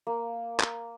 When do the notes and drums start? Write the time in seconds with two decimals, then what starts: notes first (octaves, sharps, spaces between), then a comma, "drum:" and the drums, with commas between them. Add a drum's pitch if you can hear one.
0.07 A#3
0.60 drum: clap